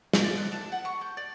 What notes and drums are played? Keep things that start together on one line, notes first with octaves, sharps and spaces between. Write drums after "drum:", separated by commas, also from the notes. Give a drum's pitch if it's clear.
drum: snare
D5
F#6
A5
F#5
C#6
G6
D5